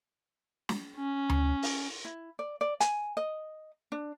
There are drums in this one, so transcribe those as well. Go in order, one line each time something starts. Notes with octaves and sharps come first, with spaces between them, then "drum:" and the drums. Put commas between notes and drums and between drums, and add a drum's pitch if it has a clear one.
drum: snare
C#4
drum: tom D2
drum: open hi-hat
E4
D5
D5
G#5, drum: hi-hat
D#5
D4